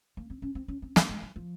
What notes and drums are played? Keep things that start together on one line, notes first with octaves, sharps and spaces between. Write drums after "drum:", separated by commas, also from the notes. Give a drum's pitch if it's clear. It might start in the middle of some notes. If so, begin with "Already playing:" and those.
A#3
C4
C#4
C4
C#4
C4
A#3, drum: snare
G#3
F#3
F3